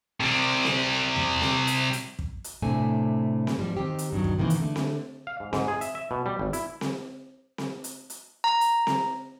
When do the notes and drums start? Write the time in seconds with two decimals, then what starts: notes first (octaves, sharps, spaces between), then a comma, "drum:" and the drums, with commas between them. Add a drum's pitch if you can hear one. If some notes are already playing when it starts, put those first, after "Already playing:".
0.20 C3 G3
0.64 drum: snare C4
1.16 drum: tom E2
1.42 drum: snare C4
1.67 drum: hi-hat
1.93 drum: hi-hat
2.19 drum: kick
2.44 drum: hi-hat
2.62 A2 C3 A3 D4 G#5
3.47 drum: snare C4
3.58 G#2 F3 G3
3.77 D#3 C4 G4
3.99 drum: hi-hat
4.12 G2 D#3 F#3
4.24 drum: kick
4.39 C3 D#3 E3 A#3
4.50 drum: hi-hat
4.60 D3 A3
4.76 drum: snare C4
5.27 F5
5.40 G#2
5.53 G#2, drum: snare C4
5.68 G#4
5.81 E5, drum: hi-hat
5.95 E5
6.11 B2
6.26 G3
6.39 G#1
6.53 E4, drum: hi-hat
6.81 drum: snare C4
7.58 drum: snare C4
7.84 drum: hi-hat
8.10 drum: hi-hat
8.44 A#5
8.61 drum: hi-hat
8.87 drum: snare C4